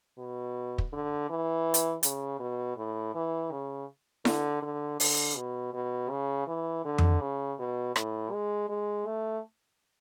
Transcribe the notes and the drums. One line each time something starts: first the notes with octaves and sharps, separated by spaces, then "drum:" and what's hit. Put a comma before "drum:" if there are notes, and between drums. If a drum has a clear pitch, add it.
B2
drum: kick
D3
E3
drum: hi-hat
C#3, drum: hi-hat
B2
A2
E3
C#3
D3, drum: snare E4
D3
D3, drum: open hi-hat
B2
B2
C#3
E3
D3
drum: tom F2
C#3
B2
A2, drum: rim click
G#3
G#3
A3